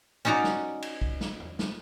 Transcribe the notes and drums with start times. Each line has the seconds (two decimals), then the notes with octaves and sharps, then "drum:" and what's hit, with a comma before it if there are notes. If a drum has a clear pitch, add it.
0.25 C#4 D#4 F#4 D5 A#5
0.44 drum: snare
0.82 drum: cymbal
1.02 drum: kick
1.21 drum: snare
1.40 drum: tom E2
1.59 drum: snare